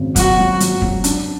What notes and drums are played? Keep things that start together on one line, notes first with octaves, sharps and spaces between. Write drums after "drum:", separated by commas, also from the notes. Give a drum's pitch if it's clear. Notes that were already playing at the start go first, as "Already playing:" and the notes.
Already playing: G#1 C#3
F#3 F#4, drum: kick, hi-hat
F#3
F#3, drum: hi-hat
F#3, drum: kick
D4, drum: hi-hat